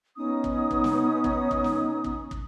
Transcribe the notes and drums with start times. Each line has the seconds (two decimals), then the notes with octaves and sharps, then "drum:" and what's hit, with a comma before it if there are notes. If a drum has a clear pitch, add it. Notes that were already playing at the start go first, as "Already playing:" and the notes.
0.17 B3 C#4 D#4 D#6
0.44 drum: kick
0.71 drum: kick
0.84 drum: snare
1.24 drum: kick
1.51 drum: kick
1.64 drum: snare
2.04 drum: kick
2.31 drum: kick